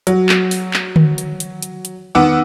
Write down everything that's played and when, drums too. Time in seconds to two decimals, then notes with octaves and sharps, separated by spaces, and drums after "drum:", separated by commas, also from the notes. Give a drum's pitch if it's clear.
0.07 F#3, drum: hi-hat
0.29 drum: clap
0.51 drum: open hi-hat
0.74 drum: clap
0.96 drum: tom D3
1.18 drum: hi-hat
1.40 drum: hi-hat
1.62 drum: hi-hat
1.85 drum: hi-hat
2.15 D#3 B3 F#5 D6 E6